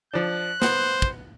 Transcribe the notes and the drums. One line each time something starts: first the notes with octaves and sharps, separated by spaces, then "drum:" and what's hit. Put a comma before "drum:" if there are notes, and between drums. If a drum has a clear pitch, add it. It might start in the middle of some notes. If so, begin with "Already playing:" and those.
F3 D4 F#6
B3 C5 F#5, drum: snare
drum: kick